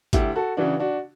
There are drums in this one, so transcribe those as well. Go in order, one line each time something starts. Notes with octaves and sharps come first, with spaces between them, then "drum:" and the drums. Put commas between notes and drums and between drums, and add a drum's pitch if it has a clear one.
D2 E4 G4, drum: kick G#1, hi-hat
F#4 A4
C#3 E3 D4 F#4
D4 F#4